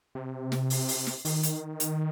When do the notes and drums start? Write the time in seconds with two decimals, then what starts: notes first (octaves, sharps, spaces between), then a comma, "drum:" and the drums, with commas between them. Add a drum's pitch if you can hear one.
0.15 C3
0.52 drum: snare
0.70 drum: open hi-hat
0.88 drum: open hi-hat
1.07 drum: snare
1.25 D#3, drum: open hi-hat
1.43 drum: hi-hat
1.80 drum: hi-hat